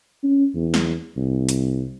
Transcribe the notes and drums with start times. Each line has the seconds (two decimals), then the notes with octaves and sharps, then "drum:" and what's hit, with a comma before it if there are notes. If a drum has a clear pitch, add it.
0.24 C#4
0.55 E2
0.74 drum: snare
1.17 C2
1.49 drum: hi-hat